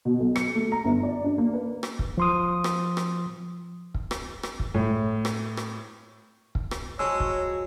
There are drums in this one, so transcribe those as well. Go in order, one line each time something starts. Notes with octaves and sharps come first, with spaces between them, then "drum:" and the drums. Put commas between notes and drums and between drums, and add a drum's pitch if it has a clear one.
B2
B1
C#7, drum: rim click
A3
A#5
G1
D5
D4
A#3
B4
drum: rim click
drum: kick
F3 C6 D#6
drum: rim click
drum: rim click
drum: kick
drum: rim click
drum: rim click
drum: kick
A2
drum: rim click
drum: rim click
drum: kick
drum: rim click
F3 F#3 G#3 F#4 C#5 E6
drum: kick